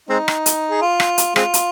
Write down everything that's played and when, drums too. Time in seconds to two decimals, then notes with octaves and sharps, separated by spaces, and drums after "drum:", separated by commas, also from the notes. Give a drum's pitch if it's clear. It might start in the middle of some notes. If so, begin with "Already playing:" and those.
0.09 G#3 C4 D#4
0.28 drum: rim click
0.46 drum: hi-hat
0.71 G#4
0.82 F4
1.00 drum: rim click
1.18 drum: hi-hat
1.36 G#3 C4 F4, drum: rim click
1.54 drum: hi-hat